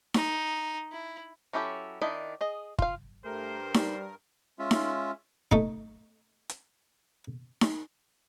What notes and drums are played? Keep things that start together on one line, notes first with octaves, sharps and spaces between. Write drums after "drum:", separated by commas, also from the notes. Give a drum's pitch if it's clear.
D#4, drum: snare D#4
E4
F#3 C#4 E4 G4 A4
D#3 D4 E4 D#5
G#4 D#5
F4 F5, drum: kick
G2 A3 G4 A#4 C5
G3, drum: snare D#4
G#3 C#4 F4 E5
drum: snare D#4
A3 D#4, drum: kick
drum: hi-hat
drum: snare D#4